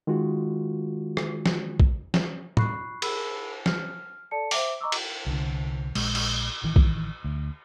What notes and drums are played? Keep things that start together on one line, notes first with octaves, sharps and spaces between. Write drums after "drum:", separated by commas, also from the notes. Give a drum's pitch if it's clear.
D#3 G#3 F4 F#4
drum: rim click
drum: snare
drum: kick
drum: snare
F4 B5 C#6 F#6 C7, drum: tom
G#4 A#4 B5 E6, drum: cymbal
F6, drum: snare
A4 D5 A5 C#7
C5 E5 D6, drum: open hi-hat
D#5 A#5 C#6 D6 E6
drum: cymbal
C2 D3
A#1 G#3, drum: cymbal
drum: cymbal
A1 D#3 E3
drum: kick
D2